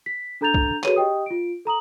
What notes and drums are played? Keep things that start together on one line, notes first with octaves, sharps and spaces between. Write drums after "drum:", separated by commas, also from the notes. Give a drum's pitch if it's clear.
B6
D4 A4 A#5 G6 A6 F7
drum: kick
F#4 G#4 A4 B4 C#5 D#7, drum: clap
G4 D#5 G5 D#6
F4 D7
A4 A#5 D#6 F#7